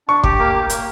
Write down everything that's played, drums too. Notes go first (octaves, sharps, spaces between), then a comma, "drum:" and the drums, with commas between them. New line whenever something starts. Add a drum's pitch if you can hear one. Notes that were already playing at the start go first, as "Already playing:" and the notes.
D4 C#6
G4 D6, drum: kick
A#3
A#3
A#3, drum: hi-hat